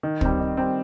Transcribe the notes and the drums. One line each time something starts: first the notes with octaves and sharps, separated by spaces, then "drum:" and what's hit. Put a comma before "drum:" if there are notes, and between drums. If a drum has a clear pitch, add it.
D#3
G3 C4, drum: kick
D#3
G3 C4